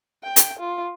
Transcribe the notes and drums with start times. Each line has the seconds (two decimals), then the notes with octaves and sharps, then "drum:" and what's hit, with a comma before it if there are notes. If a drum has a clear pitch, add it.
0.23 G5
0.36 drum: hi-hat
0.59 F4